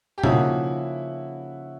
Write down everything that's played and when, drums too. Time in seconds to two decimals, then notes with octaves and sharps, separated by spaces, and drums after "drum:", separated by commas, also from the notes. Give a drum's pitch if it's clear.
0.18 G4
0.24 C#3 F3 A#3 D#4 E4 F#4, drum: tom B2